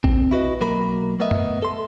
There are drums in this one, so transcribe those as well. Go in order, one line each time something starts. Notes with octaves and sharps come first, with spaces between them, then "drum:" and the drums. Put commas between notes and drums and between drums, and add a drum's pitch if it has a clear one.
C4, drum: kick A1
E4 F#4 B4 D#5
B1 F#3 A#3 A#4 B5
A3 B3 A#4 D#5 E5
drum: tom F#2
A4 C6